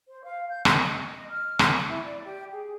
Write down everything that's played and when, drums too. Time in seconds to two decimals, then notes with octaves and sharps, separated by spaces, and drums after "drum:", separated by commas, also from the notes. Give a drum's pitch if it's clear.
0.09 C5
0.25 F5
0.49 G6
0.65 D#5, drum: rim click
1.08 D#5
1.28 F6
1.59 drum: rim click
1.73 D6
1.88 E4
2.04 D5
2.23 G4
2.51 G#4